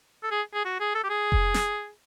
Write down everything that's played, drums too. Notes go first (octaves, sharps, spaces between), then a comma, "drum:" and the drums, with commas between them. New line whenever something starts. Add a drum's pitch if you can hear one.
A4
G#4
G#4
F#4
G#4
A4
G4
G#4
drum: kick F1
drum: snare